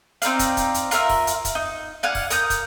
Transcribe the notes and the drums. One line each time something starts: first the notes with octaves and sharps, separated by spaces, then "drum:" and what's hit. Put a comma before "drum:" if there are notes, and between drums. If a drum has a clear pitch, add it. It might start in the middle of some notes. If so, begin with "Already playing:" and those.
C4 D#4 D5 F5, drum: hi-hat
drum: kick, hi-hat
drum: kick, hi-hat
drum: hi-hat
F4 A#4 E5 F6, drum: hi-hat
drum: kick, open hi-hat
drum: hi-hat
drum: kick, hi-hat
D#4
D5 F5 F#5 G#5
drum: kick, open hi-hat
A#4 D#6 G6, drum: hi-hat
drum: kick, hi-hat